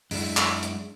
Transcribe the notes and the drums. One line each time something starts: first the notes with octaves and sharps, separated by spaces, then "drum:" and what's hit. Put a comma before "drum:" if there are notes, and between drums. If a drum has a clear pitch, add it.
F#2 G#3 D4 E4, drum: open hi-hat
drum: clap
drum: hi-hat